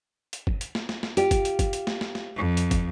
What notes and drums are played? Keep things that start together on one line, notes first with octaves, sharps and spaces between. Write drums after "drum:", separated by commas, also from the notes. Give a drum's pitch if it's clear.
drum: hi-hat
drum: kick
drum: hi-hat
drum: snare
drum: snare
drum: snare
F4 G4, drum: hi-hat
drum: kick, hi-hat
drum: hi-hat
drum: kick, hi-hat
drum: hi-hat
drum: snare
drum: snare
drum: snare
F2
drum: hi-hat
drum: kick, hi-hat